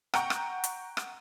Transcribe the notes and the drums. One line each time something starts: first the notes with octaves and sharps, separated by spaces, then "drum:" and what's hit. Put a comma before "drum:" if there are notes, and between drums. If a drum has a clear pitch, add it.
F#5 G5 A#5 C#6, drum: rim click
drum: rim click
drum: hi-hat
drum: rim click